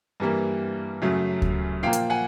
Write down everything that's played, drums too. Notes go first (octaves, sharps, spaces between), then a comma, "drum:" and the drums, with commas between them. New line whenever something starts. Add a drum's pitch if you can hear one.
G2 E3 G3 A#3
F#2 C#3 F#3 A3
drum: kick D2
A#2 F3 A#3 F5 G5
drum: hi-hat
F#5 G#5